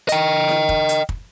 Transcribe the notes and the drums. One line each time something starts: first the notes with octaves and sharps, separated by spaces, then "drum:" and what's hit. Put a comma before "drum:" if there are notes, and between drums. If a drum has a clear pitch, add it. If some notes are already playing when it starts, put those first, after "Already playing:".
D#5 G5, drum: hi-hat
drum: snare E4
drum: kick
drum: hi-hat
drum: kick